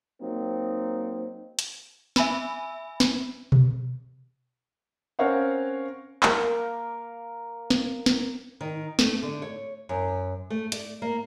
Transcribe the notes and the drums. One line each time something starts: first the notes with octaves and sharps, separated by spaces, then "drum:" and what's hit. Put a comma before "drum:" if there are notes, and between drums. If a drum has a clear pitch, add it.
F#3 A#3 C4 D#4
drum: hi-hat
E5 G#5 B5 E6, drum: snare
drum: snare
drum: tom B2
C4 C#4 A#4 C#5 F5 F#5
A#3 A#4 F5, drum: clap
drum: snare
drum: snare
D#3
A3, drum: snare
D3
C#5
F#2
A3
D5, drum: hi-hat
A#3